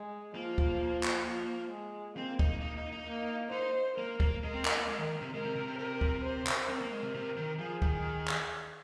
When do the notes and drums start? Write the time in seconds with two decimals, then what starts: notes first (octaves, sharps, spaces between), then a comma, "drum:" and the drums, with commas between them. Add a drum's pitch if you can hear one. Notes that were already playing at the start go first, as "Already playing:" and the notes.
Already playing: G#3
0.35 F3 A#3
0.58 drum: kick
1.03 drum: clap
1.26 F3
1.71 G#3
2.16 A#3 C4
2.39 D#4, drum: kick
2.61 D#4
2.77 D#4
2.92 D#4
3.07 A#3
3.52 D#4 C5
3.97 A#3 A#4
4.20 A#3, drum: kick
4.43 G#3 A#4
4.54 C4
4.65 D#4, drum: clap
4.77 A#3
4.88 G#3 A#4
4.99 D#3
5.21 C3
5.33 G#3 A#4
5.44 C3
5.55 C3
5.68 C3
5.78 C3 A#4
6.01 drum: kick
6.24 C5
6.47 drum: clap
6.69 C4 A#4
6.81 A#3
6.91 G#3
7.03 C3
7.14 C3
7.37 D#3
7.59 F3 G#4
7.82 D#3, drum: kick
8.28 drum: clap